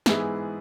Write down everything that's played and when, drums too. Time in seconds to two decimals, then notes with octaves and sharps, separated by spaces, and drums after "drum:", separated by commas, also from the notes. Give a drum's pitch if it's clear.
0.06 G#2 E3 B3 E4 G#4, drum: snare